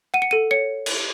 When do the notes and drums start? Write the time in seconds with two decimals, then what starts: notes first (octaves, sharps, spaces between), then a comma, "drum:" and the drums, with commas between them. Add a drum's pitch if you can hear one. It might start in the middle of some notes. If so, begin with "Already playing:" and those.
0.14 F#5 D#7
0.22 C#7
0.31 A4 D#7
0.51 C#5 C#7
0.86 drum: cymbal